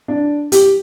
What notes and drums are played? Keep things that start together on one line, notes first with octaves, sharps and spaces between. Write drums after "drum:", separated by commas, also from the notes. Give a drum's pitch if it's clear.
D4
G4, drum: hi-hat